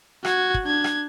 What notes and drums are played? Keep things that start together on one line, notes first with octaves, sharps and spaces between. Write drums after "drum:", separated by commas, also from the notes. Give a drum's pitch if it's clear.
F#4 G#6, drum: rim click
drum: kick
D4 G#6
drum: rim click